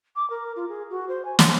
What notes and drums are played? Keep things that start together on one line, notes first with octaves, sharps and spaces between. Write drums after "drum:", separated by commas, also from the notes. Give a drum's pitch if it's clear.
D6
A#4
F4
G#4
F#4
C5
G#5
C6, drum: snare